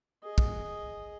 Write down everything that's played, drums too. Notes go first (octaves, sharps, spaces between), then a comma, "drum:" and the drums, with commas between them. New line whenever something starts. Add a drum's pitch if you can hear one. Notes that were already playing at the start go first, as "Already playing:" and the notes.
G#4 D#5
drum: kick